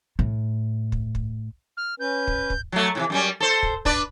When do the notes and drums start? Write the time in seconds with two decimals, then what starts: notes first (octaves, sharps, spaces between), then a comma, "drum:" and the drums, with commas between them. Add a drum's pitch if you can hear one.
0.19 A2
0.92 drum: kick
1.15 drum: kick
1.77 F6
2.00 C#4 B4 G6
2.27 drum: kick
2.50 drum: kick
2.72 F#3 A3
2.95 A2 C3 E3
3.10 F#2 G3 C#4
3.40 A4 C5
3.63 drum: kick
3.85 D4 B4 D5, drum: kick